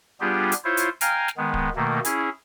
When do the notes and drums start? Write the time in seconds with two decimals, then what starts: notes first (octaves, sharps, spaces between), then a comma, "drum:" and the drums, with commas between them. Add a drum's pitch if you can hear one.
0.21 G3 B3 D4 F4 G4 G#4
0.52 drum: hi-hat
0.64 E4 F4 C5 C#5
0.77 drum: hi-hat
1.01 F5 G5 G#5 A#5 F6, drum: hi-hat
1.28 drum: snare
1.37 D#3 G#3 B3
1.54 drum: kick D1
1.76 B2 D#3 A3 A#3
2.05 C#4 E4 G#4, drum: hi-hat